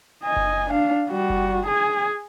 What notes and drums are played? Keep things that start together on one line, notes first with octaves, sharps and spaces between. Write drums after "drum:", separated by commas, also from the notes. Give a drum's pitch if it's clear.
D#5 G#5
drum: kick F#1
D4 F5
G3 F#4
drum: kick F#1
G#4 G#5